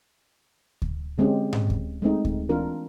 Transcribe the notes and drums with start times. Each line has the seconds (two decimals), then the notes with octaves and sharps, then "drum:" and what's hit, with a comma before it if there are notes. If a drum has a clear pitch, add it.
0.82 drum: kick D2
1.18 D3 G#3 C4 C#4 G4
1.53 drum: tom G#2
1.70 drum: kick D2
2.02 G#3 A3 C4 D#4
2.25 drum: kick D2
2.49 E3 C4 D4 F4 A#4